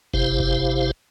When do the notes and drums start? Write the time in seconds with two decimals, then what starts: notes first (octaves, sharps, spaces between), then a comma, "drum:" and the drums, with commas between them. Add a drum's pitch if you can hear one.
0.14 G#1 C3 E4 G4 C5 F5, drum: kick F#1
0.40 drum: kick F#1